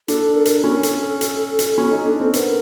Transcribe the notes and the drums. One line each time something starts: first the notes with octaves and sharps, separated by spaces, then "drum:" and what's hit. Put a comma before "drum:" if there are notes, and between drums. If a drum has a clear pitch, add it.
D4 A4, drum: hi-hat
A#4
drum: hi-hat
C#4 A4
drum: hi-hat
drum: hi-hat
drum: hi-hat
C#4
D#4
D4
C4
B3 A#4, drum: hi-hat